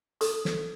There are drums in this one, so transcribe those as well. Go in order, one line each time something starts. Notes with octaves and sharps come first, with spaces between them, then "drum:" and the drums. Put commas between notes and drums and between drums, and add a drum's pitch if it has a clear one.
A4 D#6, drum: hi-hat
drum: snare